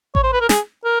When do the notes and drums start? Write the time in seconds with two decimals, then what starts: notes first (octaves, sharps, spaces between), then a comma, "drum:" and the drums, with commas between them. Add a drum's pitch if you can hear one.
0.15 C#5, drum: kick A1
0.23 C5
0.33 B4
0.41 A#4
0.49 G#4, drum: snare
0.84 A#4